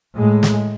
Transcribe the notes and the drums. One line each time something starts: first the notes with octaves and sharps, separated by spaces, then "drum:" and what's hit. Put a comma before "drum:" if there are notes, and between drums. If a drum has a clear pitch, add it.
A2 G#3
drum: snare